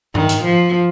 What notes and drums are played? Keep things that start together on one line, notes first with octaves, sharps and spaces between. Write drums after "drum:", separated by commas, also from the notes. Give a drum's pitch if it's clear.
D#3, drum: tom G2
drum: hi-hat
F3